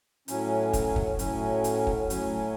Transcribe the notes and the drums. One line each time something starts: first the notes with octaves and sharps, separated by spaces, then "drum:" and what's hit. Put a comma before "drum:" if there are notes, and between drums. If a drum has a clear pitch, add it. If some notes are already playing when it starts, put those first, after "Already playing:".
A2 F#3 C#4, drum: hi-hat
drum: kick, hi-hat
drum: kick
A2 F#3 C#4, drum: hi-hat
drum: hi-hat
drum: kick
A2 F#3 C#4, drum: hi-hat